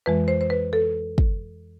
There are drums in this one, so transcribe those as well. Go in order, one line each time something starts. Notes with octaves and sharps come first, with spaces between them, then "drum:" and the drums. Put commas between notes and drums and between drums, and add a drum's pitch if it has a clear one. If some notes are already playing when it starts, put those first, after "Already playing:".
F2 E3 G#3 B4
C5
C5
B4
A4
drum: kick